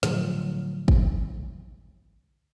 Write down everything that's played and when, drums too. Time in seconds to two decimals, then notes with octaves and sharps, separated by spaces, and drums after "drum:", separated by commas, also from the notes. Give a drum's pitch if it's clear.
0.03 A2 D3 F3 F#3, drum: snare
0.88 drum: kick